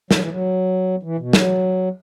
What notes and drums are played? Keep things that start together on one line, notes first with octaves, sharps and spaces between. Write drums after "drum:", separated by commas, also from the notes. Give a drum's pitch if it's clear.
F#3, drum: snare
E3
F#3
E3
B2
F#3, drum: snare